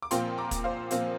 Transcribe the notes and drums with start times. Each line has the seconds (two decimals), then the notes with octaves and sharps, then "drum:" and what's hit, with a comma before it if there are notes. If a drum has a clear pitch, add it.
0.02 D6
0.11 A#2 F3 C4 F4 G5 C6, drum: hi-hat
0.38 A#5 D6
0.51 drum: kick, hi-hat
0.64 C5 F5
0.91 A#2 F3 C4 F4, drum: hi-hat